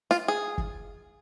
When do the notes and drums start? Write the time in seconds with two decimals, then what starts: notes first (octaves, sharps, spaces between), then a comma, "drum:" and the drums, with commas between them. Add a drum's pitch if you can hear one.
0.11 F4, drum: snare
0.28 G#4
0.58 drum: kick